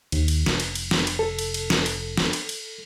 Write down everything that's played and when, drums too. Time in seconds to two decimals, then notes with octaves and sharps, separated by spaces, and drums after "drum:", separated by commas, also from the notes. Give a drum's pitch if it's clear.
0.12 D#2, drum: cymbal
0.28 drum: cymbal
0.46 F1, drum: snare
0.60 drum: cymbal
0.75 drum: cymbal
0.91 drum: snare
1.07 drum: cymbal
1.19 A4
1.39 drum: cymbal
1.54 drum: cymbal
1.70 drum: snare
1.86 drum: cymbal
2.17 drum: snare
2.33 drum: cymbal
2.49 drum: cymbal